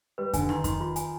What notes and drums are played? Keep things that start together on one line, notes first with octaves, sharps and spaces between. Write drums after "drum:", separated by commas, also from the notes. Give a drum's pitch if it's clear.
G3 B4
D3 G#5, drum: kick F2, hi-hat
D#3 C6, drum: rim click
D#3 C6, drum: kick F2, hi-hat
F4
G#5, drum: hi-hat